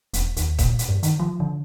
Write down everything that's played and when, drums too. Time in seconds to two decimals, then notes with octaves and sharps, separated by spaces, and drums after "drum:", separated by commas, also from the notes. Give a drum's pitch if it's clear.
0.14 E1, drum: hi-hat
0.37 D#2, drum: hi-hat
0.59 A#2, drum: kick D#1, hi-hat
0.79 drum: hi-hat
0.88 G2
1.03 D#3, drum: hi-hat
1.20 F3
1.40 D3